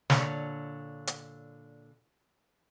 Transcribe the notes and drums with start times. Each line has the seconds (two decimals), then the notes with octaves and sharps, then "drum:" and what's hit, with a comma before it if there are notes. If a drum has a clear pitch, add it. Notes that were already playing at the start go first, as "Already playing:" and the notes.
0.10 A#2 D3 C#5, drum: snare
1.07 drum: hi-hat